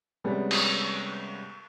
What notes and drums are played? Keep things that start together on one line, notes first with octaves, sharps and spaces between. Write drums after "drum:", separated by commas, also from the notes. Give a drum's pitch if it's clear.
C3 G3 G#3 B3 C#4
drum: cymbal